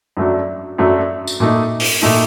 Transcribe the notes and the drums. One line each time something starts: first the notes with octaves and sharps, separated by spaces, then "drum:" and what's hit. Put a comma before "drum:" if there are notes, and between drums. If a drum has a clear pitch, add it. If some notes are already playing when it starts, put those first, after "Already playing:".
F#2 F#3 A3 D4
F#2 F#3 A3 D4
drum: tambourine
A#2 A3 D#4
drum: open hi-hat
A#2 A3 D#4